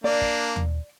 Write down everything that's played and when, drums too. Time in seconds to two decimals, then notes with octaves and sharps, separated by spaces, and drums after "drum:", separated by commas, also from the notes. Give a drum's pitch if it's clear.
0.04 A#3 D4 D5
0.21 drum: kick
0.56 drum: tom D#2